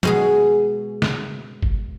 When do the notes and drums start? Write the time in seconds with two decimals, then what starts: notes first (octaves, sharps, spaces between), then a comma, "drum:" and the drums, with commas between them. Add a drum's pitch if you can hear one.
0.03 B2 G#3 G#4, drum: tom
1.02 drum: snare
1.63 drum: kick G#1